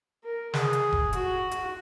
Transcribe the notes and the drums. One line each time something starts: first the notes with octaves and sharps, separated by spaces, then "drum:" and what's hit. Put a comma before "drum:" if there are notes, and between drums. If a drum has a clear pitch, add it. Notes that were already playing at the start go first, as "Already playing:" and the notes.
A#4
G#4, drum: snare
drum: hi-hat
drum: kick F1
F#4, drum: hi-hat
drum: hi-hat